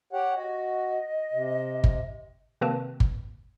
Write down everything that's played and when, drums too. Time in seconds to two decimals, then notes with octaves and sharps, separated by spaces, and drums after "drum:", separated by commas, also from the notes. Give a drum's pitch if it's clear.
0.13 G4 C#5 F#5 G5
0.35 F#4 D#5
1.33 C3
1.84 drum: kick G1
2.61 C3 D#3 A#3 C4 B4 A5
3.00 drum: kick G1